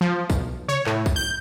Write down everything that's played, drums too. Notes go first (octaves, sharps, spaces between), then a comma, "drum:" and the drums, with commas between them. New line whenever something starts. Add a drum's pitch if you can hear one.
F3
B1, drum: kick B1, tambourine
C#5, drum: tom C3
A2, drum: clap
drum: kick B1, tambourine
G6